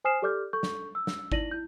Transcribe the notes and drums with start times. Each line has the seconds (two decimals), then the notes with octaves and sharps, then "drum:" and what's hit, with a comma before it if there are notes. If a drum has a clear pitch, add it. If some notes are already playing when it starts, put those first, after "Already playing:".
0.04 C5 G#5 D#6 F6 C7 E7
0.22 G4 A4 D5 D6 F6 G6
0.53 A4 C#6 G6
0.63 drum: snare
0.95 E6
1.07 drum: snare
1.32 D#4 E4 D5 A#6 D#7 F#7, drum: kick G#1
1.51 E4 G6